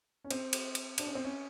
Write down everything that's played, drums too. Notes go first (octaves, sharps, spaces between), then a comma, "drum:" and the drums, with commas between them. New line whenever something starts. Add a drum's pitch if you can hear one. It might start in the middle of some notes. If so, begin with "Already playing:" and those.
C#4
C4, drum: cymbal
drum: cymbal
drum: cymbal
D4, drum: cymbal
C#4
C4
C#4